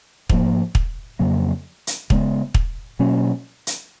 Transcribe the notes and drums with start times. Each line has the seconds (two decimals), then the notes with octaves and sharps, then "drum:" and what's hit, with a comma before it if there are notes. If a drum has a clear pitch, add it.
0.29 G#2 F3 A#3, drum: kick
0.75 drum: kick
1.19 F2 C#3 F#3 A#3
1.87 drum: hi-hat
2.10 C#3 G#3 B3, drum: kick
2.54 drum: kick
2.99 B2 F#3 A#3 C#4
3.67 drum: hi-hat